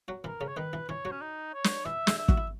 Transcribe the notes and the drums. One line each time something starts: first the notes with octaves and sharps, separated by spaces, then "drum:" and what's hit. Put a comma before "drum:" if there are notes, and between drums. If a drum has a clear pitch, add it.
F#3 F#4
E3 E4 A#4
C#3 C#4
C#5
D#3 D#4 B4
E3 E4
E3 E4 C#5
F#3 F#4
C#4
D#4
C#5
drum: snare
E3 E4 E5
G#3 G#4, drum: snare
E5
F#4, drum: kick
E4